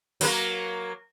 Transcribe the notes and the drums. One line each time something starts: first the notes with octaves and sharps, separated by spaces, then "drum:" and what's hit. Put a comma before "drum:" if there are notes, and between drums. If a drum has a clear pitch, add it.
F#3 A#3 A#4, drum: open hi-hat